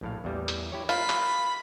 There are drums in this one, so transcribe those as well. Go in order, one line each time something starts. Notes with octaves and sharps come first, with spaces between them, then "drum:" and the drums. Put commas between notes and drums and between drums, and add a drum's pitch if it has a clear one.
A#1 A2 F5
E2 E3 G3
drum: hi-hat
E4 G4 C#5
F4 A#4 B5, drum: hi-hat
drum: clap